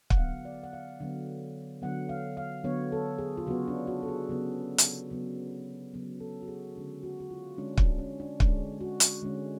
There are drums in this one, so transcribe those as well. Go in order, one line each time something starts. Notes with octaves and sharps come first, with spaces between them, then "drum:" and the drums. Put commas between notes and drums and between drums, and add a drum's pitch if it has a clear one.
F#5, drum: kick
D3 F#3 B3 F5
D5
F#5
F5
D3 F#3 B3
D3 F#3 B3 F#5
F5
F5
D3 F#3 B3 C#5
A4
G#4
F4
C#3 F#3 B3 F#4
D4
F#4
A4
G#4
C#3 F#3 B3
drum: hi-hat
C#3 F#3 B3
C#3 F#3 B3
A4
F#4
G#4
D3 G#3 C#4
F#4
F#4
F4
D3 G#3 C#4 D4
D4, drum: kick
C#4
D4
D3 G#3 C#4 D4, drum: kick
F#4
drum: hi-hat
D3 G#3 C#4